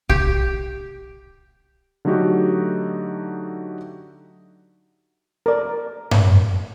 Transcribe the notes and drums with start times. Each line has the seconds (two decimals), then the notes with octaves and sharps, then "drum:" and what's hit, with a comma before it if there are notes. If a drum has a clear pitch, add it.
0.10 G4, drum: kick B1
2.05 D3 F#3 A3 D#4 F#4 G4
5.46 A#4 D5
6.11 drum: tom G2